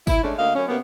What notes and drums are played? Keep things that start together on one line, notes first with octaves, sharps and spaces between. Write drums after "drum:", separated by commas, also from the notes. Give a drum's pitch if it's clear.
E4, drum: kick G1, tambourine
G#3 A3 C#4 D4
D2 A#3 D#5 F5
F#2 C#4
C3 A#3 B3